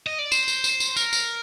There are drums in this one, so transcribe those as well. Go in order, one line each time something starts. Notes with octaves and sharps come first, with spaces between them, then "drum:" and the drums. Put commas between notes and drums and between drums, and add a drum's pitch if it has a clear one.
D#5
D5
C5, drum: tambourine
drum: tambourine
drum: tambourine
drum: tambourine
A#4, drum: tambourine
drum: tambourine